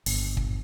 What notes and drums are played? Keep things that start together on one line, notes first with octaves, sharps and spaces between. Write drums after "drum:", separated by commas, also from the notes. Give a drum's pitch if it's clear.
G1, drum: open hi-hat
drum: kick